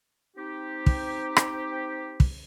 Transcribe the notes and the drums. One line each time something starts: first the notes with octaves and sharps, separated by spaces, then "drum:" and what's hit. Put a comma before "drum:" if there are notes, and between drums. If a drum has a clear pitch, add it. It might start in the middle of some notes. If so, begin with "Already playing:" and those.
C4 D#4 G4
drum: kick
drum: rim click
drum: kick